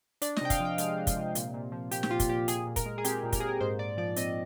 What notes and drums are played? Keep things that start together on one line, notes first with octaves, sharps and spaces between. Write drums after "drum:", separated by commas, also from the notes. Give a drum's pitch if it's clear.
D4 D5, drum: hi-hat
D#5, drum: snare
C3 G5
F5, drum: kick, hi-hat
F3
G5
G#3 F5, drum: hi-hat
D4
drum: kick, hi-hat
C3
A#2, drum: hi-hat
A#2
F3
A#3 G4, drum: hi-hat
G4, drum: snare
A#2 F4
drum: kick, hi-hat
A#2 G4
A#2 G#4, drum: hi-hat
A#2
A#4, drum: kick, hi-hat
G#3
G#4
C4 G4, drum: hi-hat
A#2
A#4, drum: kick, hi-hat
A#2 G#4
A#4
G#2 C5
G#2 D5
F3 D5
C4 D#5, drum: hi-hat